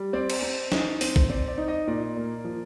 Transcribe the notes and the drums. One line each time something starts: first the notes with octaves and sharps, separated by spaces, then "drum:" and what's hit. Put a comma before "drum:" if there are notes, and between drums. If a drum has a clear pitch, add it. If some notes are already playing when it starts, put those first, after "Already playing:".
Already playing: G3
C4 D5
drum: cymbal
C4
D#4, drum: snare
C4, drum: open hi-hat
drum: kick
C4 D5
D5
D#4
D#5
A#2 D5
A#3
F3